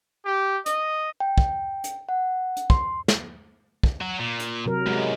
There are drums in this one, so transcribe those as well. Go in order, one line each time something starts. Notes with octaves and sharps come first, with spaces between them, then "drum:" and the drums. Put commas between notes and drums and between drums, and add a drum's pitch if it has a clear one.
G4
D#5, drum: hi-hat
G5
drum: kick
drum: hi-hat
F#5
drum: hi-hat
C6, drum: kick
drum: snare
drum: kick
F#3 F#4
A#2
drum: hi-hat
C3 F#3 A#4
E2 G#2 G#3